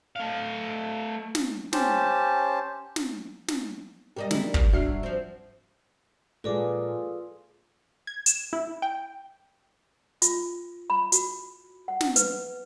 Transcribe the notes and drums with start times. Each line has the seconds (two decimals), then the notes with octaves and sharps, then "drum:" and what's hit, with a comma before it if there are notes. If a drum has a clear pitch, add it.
0.16 A3 F5
1.35 drum: snare
1.73 C#4 G4 C5 A5, drum: snare
2.96 drum: snare
3.48 drum: snare
4.16 B2 G3 G4 A#4 D5 D#5
4.31 D3 F#3 G#3 E4, drum: snare
4.54 drum: kick
4.73 G#2 F#3 D4 F#4 E5 F6 C7
5.03 F3 C4
6.44 A#2 G#3 F4 G#4 A4 B4 D5 D6
8.07 G#6
8.26 E7, drum: hi-hat
8.53 E4
8.82 G5
10.22 F4, drum: hi-hat
10.90 B5
11.12 F#4, drum: hi-hat
11.88 F#5
12.01 drum: snare
12.16 B4, drum: hi-hat